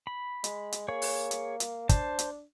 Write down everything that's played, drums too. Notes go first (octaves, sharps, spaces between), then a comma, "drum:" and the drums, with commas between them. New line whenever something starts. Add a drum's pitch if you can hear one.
B5
G#3, drum: hi-hat
drum: hi-hat
A#3 G#4 C#5
drum: open hi-hat
drum: hi-hat
drum: hi-hat
D4 C5 A5, drum: kick, hi-hat
drum: hi-hat